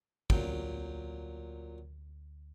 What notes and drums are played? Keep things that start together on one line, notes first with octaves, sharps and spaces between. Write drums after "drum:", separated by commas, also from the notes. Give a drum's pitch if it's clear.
D2 A#2 F#3 G5, drum: kick